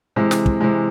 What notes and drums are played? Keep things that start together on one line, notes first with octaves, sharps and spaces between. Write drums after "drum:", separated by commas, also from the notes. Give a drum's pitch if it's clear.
C3 E3 G#3
drum: snare
drum: kick
C3 E3 G#3